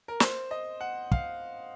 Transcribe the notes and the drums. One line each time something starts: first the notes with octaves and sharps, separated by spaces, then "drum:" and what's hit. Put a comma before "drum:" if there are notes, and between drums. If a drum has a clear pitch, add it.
A#4
C5, drum: snare
D#5
F#5
F5, drum: kick